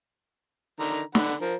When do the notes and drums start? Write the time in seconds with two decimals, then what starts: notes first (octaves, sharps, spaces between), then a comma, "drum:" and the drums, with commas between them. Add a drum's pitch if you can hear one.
0.80 D3 D#3 A#5
1.15 D3 F#5 B5, drum: snare
1.42 F3 A#4